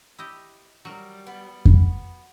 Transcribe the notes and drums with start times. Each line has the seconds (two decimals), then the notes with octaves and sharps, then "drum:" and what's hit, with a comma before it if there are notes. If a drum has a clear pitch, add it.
0.19 E4 G4 D#5
0.85 F#3 G3 A#4
1.27 B3
1.65 drum: kick F2